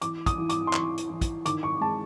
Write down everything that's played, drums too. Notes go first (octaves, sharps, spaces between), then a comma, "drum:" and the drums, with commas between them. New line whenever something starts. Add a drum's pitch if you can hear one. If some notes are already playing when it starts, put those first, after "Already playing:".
E3 D6, drum: hi-hat
D#6, drum: kick, hi-hat
E3
D6, drum: hi-hat
C6
E3 C#6, drum: clap
drum: hi-hat
E3
drum: kick, hi-hat
D#3 D6, drum: hi-hat
C#6
G#3 A5